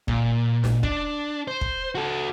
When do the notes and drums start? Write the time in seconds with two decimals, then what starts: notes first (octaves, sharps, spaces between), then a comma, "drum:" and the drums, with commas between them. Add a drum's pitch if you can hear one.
0.08 A#2, drum: kick
0.64 drum: snare
0.83 D4, drum: kick
1.48 C5
1.61 drum: kick
1.95 F#4 A4